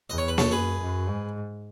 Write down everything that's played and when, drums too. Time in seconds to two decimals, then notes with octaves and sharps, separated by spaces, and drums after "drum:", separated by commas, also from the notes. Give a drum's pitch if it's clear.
0.10 E2 D#5
0.18 C#5
0.28 B4
0.38 A4 C#5, drum: snare A#3
0.51 F#2 G#4 B4
0.80 F#2
1.08 G#2